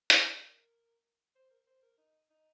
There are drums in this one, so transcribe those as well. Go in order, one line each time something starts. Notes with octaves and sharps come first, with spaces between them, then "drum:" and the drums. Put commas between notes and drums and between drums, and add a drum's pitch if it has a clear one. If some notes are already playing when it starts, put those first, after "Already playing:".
A#4, drum: hi-hat
C5
A#4
C5
A#4
D#4
D#4